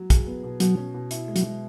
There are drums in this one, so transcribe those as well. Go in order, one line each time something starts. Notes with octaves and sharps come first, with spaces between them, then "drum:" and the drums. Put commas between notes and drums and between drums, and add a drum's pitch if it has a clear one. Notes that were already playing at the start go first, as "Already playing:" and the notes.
Already playing: F#3
G#4, drum: kick, hi-hat
B3
B2
B2 F#3, drum: hi-hat
C#4
B2
E4, drum: hi-hat
G#3
F#3, drum: hi-hat